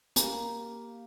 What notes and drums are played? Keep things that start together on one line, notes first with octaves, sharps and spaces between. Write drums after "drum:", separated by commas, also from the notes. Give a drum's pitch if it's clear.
A#3 G4, drum: hi-hat